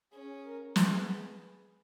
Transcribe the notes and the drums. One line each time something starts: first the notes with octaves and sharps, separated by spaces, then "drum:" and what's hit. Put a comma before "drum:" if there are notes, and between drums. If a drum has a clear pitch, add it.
C#4 G#4
A#4
B3 G#4, drum: snare